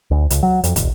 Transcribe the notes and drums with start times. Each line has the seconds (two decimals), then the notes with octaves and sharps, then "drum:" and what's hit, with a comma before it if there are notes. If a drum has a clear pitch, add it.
0.11 D2
0.30 C#2, drum: hi-hat
0.43 F#3
0.64 F2, drum: hi-hat
0.76 E1, drum: kick, hi-hat